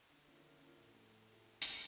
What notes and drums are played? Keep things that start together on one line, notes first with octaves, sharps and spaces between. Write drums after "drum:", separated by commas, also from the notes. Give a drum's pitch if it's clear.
D3
F3 A#3 C#4 E4
D3
F3 A#3 C#4 E4
A2
F3 A3 E4 G4
A2
F3 A3 E4 G4
G2
F3 A3, drum: hi-hat